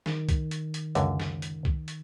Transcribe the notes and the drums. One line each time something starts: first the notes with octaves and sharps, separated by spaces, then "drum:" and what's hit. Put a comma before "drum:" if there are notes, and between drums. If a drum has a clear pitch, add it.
D#3, drum: snare
drum: kick C2, hi-hat
drum: hi-hat
drum: hi-hat
C#2 F#2 D3, drum: hi-hat
drum: snare
drum: hi-hat
drum: kick C2
drum: hi-hat